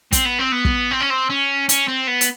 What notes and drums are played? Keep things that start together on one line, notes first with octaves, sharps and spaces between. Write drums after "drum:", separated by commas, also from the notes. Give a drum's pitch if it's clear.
C4, drum: kick, hi-hat
B3
C4
B3
drum: kick
C4
C#4
C4
C#4
C#4, drum: hi-hat
C4
B3
drum: hi-hat